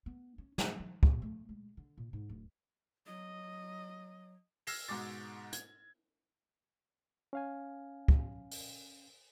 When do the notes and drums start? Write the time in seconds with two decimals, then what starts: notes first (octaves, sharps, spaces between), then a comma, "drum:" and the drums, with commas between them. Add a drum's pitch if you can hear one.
0.06 B3
0.38 C#4
0.58 C#4, drum: snare
0.80 D#3
1.03 A#2, drum: kick
1.22 A3
1.49 G#3
1.77 D3
1.98 A#2
2.13 G#2
2.30 D1
3.07 F#3 D#5
4.67 E6 F6 G#6 A#6 C7 E7, drum: open hi-hat
4.88 G#2 B2 G#3 D6 A6
5.53 G#6, drum: hi-hat
7.33 C#4 F5 G#5
8.08 drum: kick
8.51 drum: open hi-hat